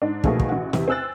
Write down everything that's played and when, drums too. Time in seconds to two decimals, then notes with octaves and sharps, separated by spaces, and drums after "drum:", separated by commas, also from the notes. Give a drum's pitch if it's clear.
0.02 G#2 D4
0.24 B2 D#3 F3 A3 A#3 G#4, drum: kick
0.40 drum: kick
0.49 A1 F#4
0.73 E2 C3, drum: snare
0.88 C4 G#5 E6 F#6 A6